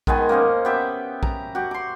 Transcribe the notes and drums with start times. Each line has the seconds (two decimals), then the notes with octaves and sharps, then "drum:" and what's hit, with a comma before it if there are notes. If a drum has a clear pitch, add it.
0.07 D#3 G#3 B3 G#5, drum: kick A#1
0.29 A#3 C#4 C5 D#5
0.65 B3 G4 E5
1.23 A#5, drum: kick A#1
1.55 F#4 G4
1.71 C6 D6